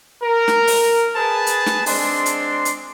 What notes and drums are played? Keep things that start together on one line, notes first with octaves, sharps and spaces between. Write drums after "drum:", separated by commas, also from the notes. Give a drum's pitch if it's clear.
A#4
drum: snare
drum: open hi-hat
G#4 B4 A5
drum: hi-hat
drum: snare
G#3 C4 D4 C6, drum: open hi-hat
drum: hi-hat
drum: hi-hat